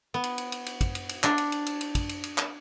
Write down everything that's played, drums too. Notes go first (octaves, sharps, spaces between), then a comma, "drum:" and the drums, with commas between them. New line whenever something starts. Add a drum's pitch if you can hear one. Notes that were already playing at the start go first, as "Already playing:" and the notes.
B3
drum: cymbal
drum: cymbal
drum: cymbal
drum: cymbal
drum: kick, cymbal
drum: cymbal
drum: cymbal
D4, drum: clap
drum: cymbal
drum: cymbal
drum: cymbal
drum: cymbal
drum: kick, cymbal
drum: cymbal
drum: cymbal
drum: clap